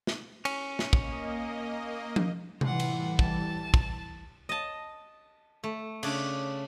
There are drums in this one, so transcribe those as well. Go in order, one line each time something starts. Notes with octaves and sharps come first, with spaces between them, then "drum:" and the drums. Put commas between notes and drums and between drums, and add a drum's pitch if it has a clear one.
drum: snare
C#4, drum: cymbal
drum: snare
A#3 D#5, drum: kick
drum: tom F3
A2 E3 G3 F4 F#5, drum: tom C3
drum: cymbal
A5, drum: kick
drum: kick
D#5 A5
A3
C#3 D4, drum: cymbal